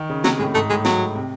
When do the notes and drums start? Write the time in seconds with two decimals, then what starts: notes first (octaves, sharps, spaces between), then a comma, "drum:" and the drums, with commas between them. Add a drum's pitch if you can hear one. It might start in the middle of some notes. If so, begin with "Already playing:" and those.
Already playing: D#3
0.10 C#3
0.24 C3 F#3, drum: snare
0.39 A2 G#3
0.54 G#2 A3
0.70 A2 G#3
0.85 F#3, drum: snare
1.15 C3